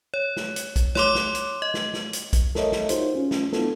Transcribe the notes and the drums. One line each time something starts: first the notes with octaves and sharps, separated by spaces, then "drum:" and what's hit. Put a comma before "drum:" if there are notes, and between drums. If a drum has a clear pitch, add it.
C#5
drum: snare
drum: hi-hat
drum: kick B1, hi-hat
C#5 C6 D6, drum: snare
drum: snare
drum: hi-hat
D#5
drum: snare
drum: snare
drum: hi-hat
drum: kick B1, hi-hat
A4 A#4 C#5 D#5 E5, drum: snare
drum: snare
D#4 F4 F#4 G#4 C5, drum: hi-hat
C#4 F4
drum: snare
B3 D4 E4 F4 A4, drum: snare